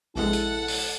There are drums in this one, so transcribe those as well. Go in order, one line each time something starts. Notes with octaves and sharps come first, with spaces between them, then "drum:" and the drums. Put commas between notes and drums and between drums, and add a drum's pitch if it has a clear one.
A#1 C3 G#3 E4 A4 F#5
drum: hi-hat
drum: open hi-hat